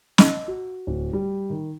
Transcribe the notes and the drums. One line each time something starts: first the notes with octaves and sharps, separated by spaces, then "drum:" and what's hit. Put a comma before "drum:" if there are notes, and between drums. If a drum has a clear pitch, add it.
D#5, drum: snare
F#4
D1
G3
D#3